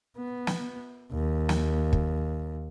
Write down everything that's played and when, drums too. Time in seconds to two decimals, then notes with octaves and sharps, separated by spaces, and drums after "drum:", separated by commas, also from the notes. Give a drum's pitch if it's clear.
0.18 B3
0.47 drum: snare
1.12 D#2
1.49 drum: snare
1.93 drum: kick